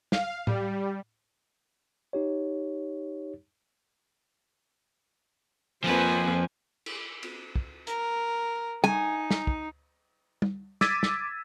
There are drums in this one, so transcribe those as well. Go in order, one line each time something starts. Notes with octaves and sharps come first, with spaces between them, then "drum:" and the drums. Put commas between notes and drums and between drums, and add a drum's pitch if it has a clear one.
F5, drum: snare
G3, drum: tom A2
D#4 G4 C#5
F2 F3 A#3 C4 B4 C5 G#5
drum: cymbal
drum: cymbal
drum: kick
A#4, drum: hi-hat
D#4 G#5, drum: tom
drum: snare
drum: kick
drum: tom
D6 E6 G#6 A6 B6 D#7, drum: snare
drum: snare